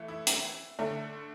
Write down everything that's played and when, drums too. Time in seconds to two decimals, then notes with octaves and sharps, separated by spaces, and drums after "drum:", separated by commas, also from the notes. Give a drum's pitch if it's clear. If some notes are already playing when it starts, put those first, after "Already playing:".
Already playing: E3 A3
0.08 E4
0.27 drum: hi-hat
0.79 D3 A3 D4